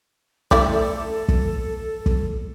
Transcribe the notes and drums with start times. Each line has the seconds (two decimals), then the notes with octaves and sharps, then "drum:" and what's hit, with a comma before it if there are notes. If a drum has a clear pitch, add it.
0.51 A3 E4 A4 D5, drum: kick
1.28 drum: kick
2.06 drum: kick